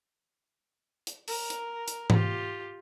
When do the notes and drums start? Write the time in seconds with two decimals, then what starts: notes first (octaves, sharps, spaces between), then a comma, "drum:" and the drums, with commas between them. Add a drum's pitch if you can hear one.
1.07 drum: hi-hat
1.28 A#4, drum: open hi-hat
1.50 drum: hi-hat
1.88 drum: hi-hat
2.10 F4 G4, drum: tom G#2